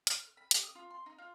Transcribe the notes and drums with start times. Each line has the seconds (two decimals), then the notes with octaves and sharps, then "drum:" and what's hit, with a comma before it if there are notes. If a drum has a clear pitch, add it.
0.07 F6, drum: hi-hat
0.23 F6
0.37 B5
0.51 G4, drum: hi-hat
0.63 D#6
0.75 F4
0.90 C6
1.06 D#4
1.18 F4